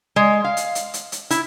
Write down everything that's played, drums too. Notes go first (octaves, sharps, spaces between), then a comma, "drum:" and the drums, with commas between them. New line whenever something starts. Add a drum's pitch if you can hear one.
G#3
F5
drum: hi-hat
drum: hi-hat
drum: hi-hat
drum: hi-hat
E4, drum: hi-hat